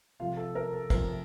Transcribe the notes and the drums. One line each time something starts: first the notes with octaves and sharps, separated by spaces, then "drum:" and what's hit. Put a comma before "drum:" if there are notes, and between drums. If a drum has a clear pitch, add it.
C3 F3 A3 F4 F5
A4
A#4
A4
C3 F3 A3 A#4, drum: kick, cymbal